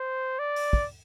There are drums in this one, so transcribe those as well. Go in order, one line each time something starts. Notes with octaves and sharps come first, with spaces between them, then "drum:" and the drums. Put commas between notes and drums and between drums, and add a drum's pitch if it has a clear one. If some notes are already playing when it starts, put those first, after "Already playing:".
Already playing: C5
D5
drum: open hi-hat
drum: kick